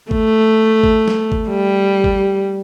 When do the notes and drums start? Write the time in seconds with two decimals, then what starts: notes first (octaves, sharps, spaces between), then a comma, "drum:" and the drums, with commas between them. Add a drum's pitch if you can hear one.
0.11 A3, drum: kick G#1
0.83 drum: kick G#1
1.08 drum: snare
1.32 drum: kick G#1
1.49 G3
2.04 drum: kick G#1